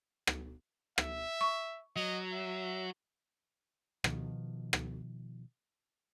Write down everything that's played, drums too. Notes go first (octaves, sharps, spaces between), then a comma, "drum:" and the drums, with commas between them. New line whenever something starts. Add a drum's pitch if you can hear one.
drum: rim click
E5, drum: rim click
C#6
F#3 D#5
E5
B2 D#3 F3, drum: rim click
drum: rim click